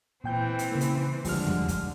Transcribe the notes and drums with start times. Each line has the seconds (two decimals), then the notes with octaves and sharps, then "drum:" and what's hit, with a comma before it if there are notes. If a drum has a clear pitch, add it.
0.24 A#2 E3 C4 G5 G6
0.59 drum: hi-hat
0.72 C#3 A#3
0.81 drum: hi-hat
1.25 D3 F3 G3 G#3 F6, drum: kick, open hi-hat
1.47 drum: tom E2
1.68 drum: kick, hi-hat